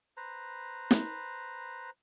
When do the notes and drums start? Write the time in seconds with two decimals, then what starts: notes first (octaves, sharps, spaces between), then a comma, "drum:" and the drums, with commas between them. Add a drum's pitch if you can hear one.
0.17 B4 C5 A#5
0.91 drum: snare